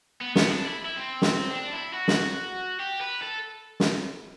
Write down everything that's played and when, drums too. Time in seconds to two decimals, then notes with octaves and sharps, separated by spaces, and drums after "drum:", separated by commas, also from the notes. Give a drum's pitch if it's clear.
0.21 B3
0.36 B3, drum: snare
0.50 D4
0.64 E4
0.85 E4
0.97 C4
1.22 drum: snare
1.51 D4
1.72 E4
1.93 F#4
2.08 drum: snare
2.80 G4
3.01 B4
3.22 A4
3.80 drum: snare